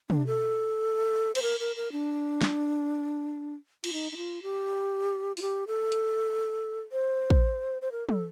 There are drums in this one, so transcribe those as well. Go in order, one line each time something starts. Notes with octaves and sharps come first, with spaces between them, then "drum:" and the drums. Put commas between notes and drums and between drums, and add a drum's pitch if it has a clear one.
D4, drum: tom
A4
C5, drum: cymbal
A#4
A#4
A#4
D4
drum: snare
F4, drum: cymbal
D#4
D#4
F4
G4
F4, drum: open hi-hat
G4
A4
drum: hi-hat
C5
drum: kick
C5
A#4
A4, drum: tom